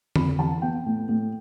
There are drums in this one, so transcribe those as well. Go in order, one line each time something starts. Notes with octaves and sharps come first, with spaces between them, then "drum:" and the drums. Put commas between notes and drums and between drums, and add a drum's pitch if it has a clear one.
F2 B5, drum: tom D3
E3 A5
B3 G5
A2
A2